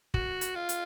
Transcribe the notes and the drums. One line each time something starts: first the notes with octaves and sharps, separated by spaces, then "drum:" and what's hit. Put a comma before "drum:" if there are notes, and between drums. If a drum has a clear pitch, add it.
F#4, drum: kick
drum: hi-hat
F4
drum: hi-hat